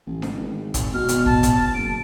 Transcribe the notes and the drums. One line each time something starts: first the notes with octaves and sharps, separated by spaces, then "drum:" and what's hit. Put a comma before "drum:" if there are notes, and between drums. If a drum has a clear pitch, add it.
A1
drum: snare D4
G#1
drum: kick, hi-hat
B2 F6
drum: hi-hat
A5, drum: kick
drum: kick, hi-hat
F#1 D7